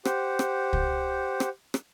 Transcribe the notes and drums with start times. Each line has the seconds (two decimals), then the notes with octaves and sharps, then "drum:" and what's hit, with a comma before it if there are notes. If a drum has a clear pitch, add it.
0.05 G4 C5 F#5, drum: rim click
0.39 drum: rim click
0.73 drum: kick
1.40 drum: rim click
1.74 drum: rim click